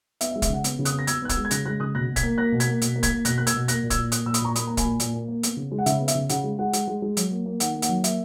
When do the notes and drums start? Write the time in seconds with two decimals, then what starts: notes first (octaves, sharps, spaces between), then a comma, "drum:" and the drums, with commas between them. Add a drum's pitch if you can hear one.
0.21 B3 E5, drum: hi-hat
0.31 E5
0.36 G#3
0.42 E5, drum: kick, hi-hat
0.49 C#3 F#5
0.64 B3, drum: hi-hat
0.79 C#3
0.85 D#6 F#6, drum: hi-hat
0.93 B3
0.99 A#6
1.07 B3 E6 G#6, drum: hi-hat
1.22 B3 F#6
1.29 E6 G#6, drum: kick, hi-hat
1.37 G#3
1.45 G#6
1.51 C#3 F#6 A#6, drum: hi-hat
1.66 G#3 F#6 A#6
1.80 C#3 D#6 F#6
1.95 B2 F#6 A#6
2.09 B2
2.16 G#6 B6, drum: kick, hi-hat
2.23 A#3
2.38 A#3 F#6 A#6
2.52 B2
2.60 G#6 B6, drum: hi-hat
2.67 A#3
2.82 B2, drum: hi-hat
2.96 A#3
3.03 G#6 B6, drum: kick, hi-hat
3.10 A#3
3.25 B2 F#6 A#6, drum: hi-hat
3.38 A#3 F#6
3.47 E6 G#6, drum: hi-hat
3.54 B2
3.68 A#3 F#6 A#6, drum: hi-hat
3.83 A#2
3.90 E6 G#6, drum: kick, hi-hat
3.98 A#2
4.12 A#3 D#6 F#6, drum: hi-hat
4.26 A#2 E6
4.34 B5 D#6, drum: hi-hat
4.41 A#2 A#5 C#6
4.55 A#3 B5 D#6, drum: hi-hat
4.67 A#3 A#5
4.77 G#5 B5, drum: kick, hi-hat
4.85 A#2
5.00 A#2, drum: hi-hat
5.13 A#3
5.28 A#3
5.43 B3, drum: hi-hat
5.57 C#3
5.72 G#3
5.78 F#5
5.86 C#3 E5, drum: hi-hat
6.00 B3
6.08 E5, drum: hi-hat
6.15 C#3
6.29 C#3 F#5, drum: hi-hat
6.44 G#3
6.59 G#3 F#5
6.73 G#3, drum: hi-hat
6.88 G#3
7.02 G#3
7.17 F#3, drum: hi-hat
7.31 A#3
7.46 A#3
7.60 D#3 F#5, drum: hi-hat
7.75 A#3
7.82 F#5, drum: hi-hat
7.89 F#3
8.04 A#3 E5, drum: hi-hat